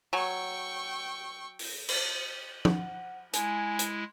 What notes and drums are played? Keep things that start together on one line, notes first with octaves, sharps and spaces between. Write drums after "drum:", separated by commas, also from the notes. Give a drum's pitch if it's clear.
F#3 G5 G#5 C#6 E6
drum: open hi-hat
drum: cymbal
F#5, drum: tom
G#3 E4 G#5, drum: hi-hat
drum: hi-hat